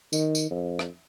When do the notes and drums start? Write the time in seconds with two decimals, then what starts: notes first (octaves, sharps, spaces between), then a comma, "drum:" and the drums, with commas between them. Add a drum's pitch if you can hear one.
0.13 D#3, drum: tambourine
0.35 drum: tambourine
0.51 F2
0.79 drum: rim click